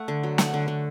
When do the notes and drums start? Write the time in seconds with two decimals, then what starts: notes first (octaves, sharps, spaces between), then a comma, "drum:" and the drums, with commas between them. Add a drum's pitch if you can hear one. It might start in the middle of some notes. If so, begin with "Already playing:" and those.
Already playing: A3 F#5
0.08 D3
0.23 F#3
0.38 A3 F#5, drum: snare
0.54 D3
0.68 D3